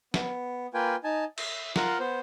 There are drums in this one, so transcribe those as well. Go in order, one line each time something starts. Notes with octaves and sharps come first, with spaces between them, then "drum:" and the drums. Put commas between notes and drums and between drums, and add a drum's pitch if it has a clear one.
B3, drum: snare F#3
A#3 F4 B4 G5 G#5
D#4 G#5 A5
E5, drum: cymbal
F4 A#4 F#5, drum: snare F#3
B3 C5